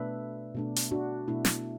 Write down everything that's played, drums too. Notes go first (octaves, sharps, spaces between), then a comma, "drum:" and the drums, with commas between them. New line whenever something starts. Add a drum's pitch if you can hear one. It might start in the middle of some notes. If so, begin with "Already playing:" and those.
Already playing: B2 A3 D4 B4 E5
B2 A3 D4
drum: hi-hat
D4 F#4
B2 A3 D4 E4
drum: snare